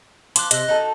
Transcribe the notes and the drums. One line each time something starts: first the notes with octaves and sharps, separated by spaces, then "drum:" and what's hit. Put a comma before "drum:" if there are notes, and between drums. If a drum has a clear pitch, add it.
F3 C6 D6 F#6, drum: hi-hat
C3 D#5 F#6, drum: hi-hat
D#4 F#4 A4